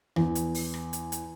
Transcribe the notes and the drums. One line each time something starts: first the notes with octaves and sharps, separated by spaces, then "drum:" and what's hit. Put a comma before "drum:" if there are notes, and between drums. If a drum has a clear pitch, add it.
E2, drum: rim click
drum: hi-hat
drum: open hi-hat
drum: rim click
drum: hi-hat
drum: hi-hat